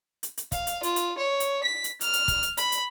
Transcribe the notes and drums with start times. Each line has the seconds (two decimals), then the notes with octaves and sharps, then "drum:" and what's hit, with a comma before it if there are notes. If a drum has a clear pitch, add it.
0.23 drum: hi-hat
0.37 drum: hi-hat
0.52 F5, drum: kick, hi-hat
0.67 drum: hi-hat
0.83 F4, drum: hi-hat
0.96 drum: hi-hat
1.18 C#5
1.40 drum: hi-hat
1.63 B6
1.84 drum: hi-hat
2.01 F6, drum: hi-hat
2.13 drum: hi-hat
2.28 drum: kick, hi-hat
2.43 drum: hi-hat
2.57 B5, drum: hi-hat
2.72 drum: hi-hat